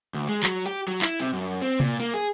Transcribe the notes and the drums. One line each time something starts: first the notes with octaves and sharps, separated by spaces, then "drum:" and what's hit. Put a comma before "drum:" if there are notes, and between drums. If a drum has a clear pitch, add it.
D2
G#3
F#3, drum: clap
G4, drum: hi-hat
F#3
E4, drum: clap
C3, drum: hi-hat
F#2
C4, drum: open hi-hat
A#2, drum: tom C3
A#3, drum: hi-hat
G#4, drum: hi-hat